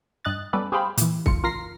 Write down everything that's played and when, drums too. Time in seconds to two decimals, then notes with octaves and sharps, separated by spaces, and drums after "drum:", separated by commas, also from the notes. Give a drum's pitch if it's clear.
0.25 G2 D#5 F#6 A6
0.53 G3 B3 C#4 A4 B4 D5
0.72 G4 G#4 C5 F5 G5 B5
0.97 A#2 E3, drum: hi-hat
1.26 F4 C#7, drum: kick C2
1.43 A1 F4 A#4 A#6 C7